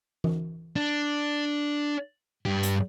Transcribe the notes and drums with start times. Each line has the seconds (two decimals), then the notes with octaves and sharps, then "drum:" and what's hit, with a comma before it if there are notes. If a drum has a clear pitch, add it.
0.24 drum: tom E3
0.76 D4
2.46 G2 G4
2.63 drum: hi-hat